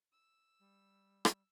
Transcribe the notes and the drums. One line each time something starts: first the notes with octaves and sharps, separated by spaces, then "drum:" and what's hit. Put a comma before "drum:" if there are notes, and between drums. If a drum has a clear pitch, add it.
E6
G3
drum: rim click